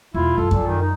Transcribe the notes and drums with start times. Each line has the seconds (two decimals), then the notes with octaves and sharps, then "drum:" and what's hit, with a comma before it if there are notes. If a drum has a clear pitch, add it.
0.14 E1 E4 F4
0.38 F#2 A4
0.51 A#2, drum: kick F#2
0.67 D#3
0.81 D#4